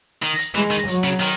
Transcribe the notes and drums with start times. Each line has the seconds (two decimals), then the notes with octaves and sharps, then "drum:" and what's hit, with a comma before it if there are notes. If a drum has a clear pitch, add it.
0.22 D#3, drum: hi-hat
0.38 drum: hi-hat
0.55 E3 G#3, drum: hi-hat
0.70 D#3, drum: hi-hat
0.88 F#3, drum: hi-hat
1.04 C#3, drum: hi-hat
1.20 D#3, drum: open hi-hat